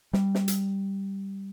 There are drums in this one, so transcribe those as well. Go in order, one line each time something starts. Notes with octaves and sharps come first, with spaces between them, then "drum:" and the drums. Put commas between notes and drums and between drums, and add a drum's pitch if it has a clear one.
G3, drum: snare
drum: snare
drum: hi-hat